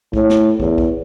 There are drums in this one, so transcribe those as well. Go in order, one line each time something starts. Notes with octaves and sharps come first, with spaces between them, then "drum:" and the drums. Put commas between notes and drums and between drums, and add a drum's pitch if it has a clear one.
A2, drum: kick
drum: snare
E2, drum: kick
drum: kick